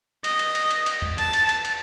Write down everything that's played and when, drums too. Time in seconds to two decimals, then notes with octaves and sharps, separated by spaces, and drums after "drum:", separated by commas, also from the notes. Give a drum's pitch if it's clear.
0.24 D#5, drum: cymbal
0.39 drum: cymbal
0.55 drum: cymbal
0.71 drum: cymbal
0.86 drum: cymbal
1.02 drum: tom E2
1.18 A5, drum: cymbal
1.33 drum: cymbal
1.49 drum: cymbal
1.65 drum: cymbal